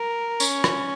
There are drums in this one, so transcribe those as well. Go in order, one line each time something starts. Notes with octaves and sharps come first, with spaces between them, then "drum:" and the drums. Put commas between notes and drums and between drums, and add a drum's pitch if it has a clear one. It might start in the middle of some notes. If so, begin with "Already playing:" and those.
Already playing: A#4
C#4, drum: tambourine
drum: rim click